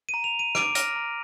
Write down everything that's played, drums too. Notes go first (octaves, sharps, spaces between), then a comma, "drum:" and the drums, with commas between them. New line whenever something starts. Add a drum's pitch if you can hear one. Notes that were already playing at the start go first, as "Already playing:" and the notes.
D#7
A#5
F7
A#5
D#7
D6 D7, drum: rim click
F6 A#6, drum: hi-hat
A#5